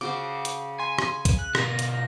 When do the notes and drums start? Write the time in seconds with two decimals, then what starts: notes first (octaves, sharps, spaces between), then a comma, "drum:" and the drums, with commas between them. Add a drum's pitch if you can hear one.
0.01 C#3 F#4 C5 D6
0.45 drum: hi-hat
0.79 G#5 C6
0.99 drum: rim click
1.25 drum: kick, hi-hat
1.39 F#6
1.55 B2 F4 A#6, drum: rim click
1.79 drum: hi-hat